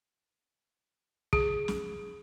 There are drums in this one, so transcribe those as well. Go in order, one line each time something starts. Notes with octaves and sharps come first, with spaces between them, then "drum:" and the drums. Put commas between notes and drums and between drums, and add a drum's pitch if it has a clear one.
G#4, drum: kick
drum: snare